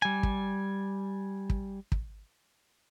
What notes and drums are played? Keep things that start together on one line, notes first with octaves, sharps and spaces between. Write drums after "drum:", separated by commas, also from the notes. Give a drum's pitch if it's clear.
G3 G#5
drum: kick
drum: kick
drum: kick